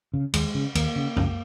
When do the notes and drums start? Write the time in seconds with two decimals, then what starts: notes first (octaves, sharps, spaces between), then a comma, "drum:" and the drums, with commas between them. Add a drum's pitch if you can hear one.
0.14 C#3
0.33 D#2 G#3, drum: cymbal
0.55 C#3
0.75 D#2 A#3, drum: cymbal
0.96 C#3
1.17 C#2, drum: tom F#2